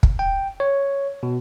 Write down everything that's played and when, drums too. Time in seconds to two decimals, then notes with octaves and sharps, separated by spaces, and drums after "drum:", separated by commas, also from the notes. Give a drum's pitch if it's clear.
0.03 drum: kick
0.19 G5
0.60 C#5
1.23 B2